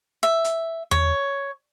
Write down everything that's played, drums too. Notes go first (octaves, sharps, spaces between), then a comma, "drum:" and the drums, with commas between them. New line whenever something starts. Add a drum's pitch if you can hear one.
E5
drum: hi-hat
C#5, drum: tom E2